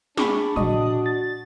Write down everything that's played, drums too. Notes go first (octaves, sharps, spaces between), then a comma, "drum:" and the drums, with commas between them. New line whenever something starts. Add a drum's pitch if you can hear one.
D4 G#4 B5 C#6 D6, drum: snare
A#2 F#4 D#5 D#6, drum: tom
A6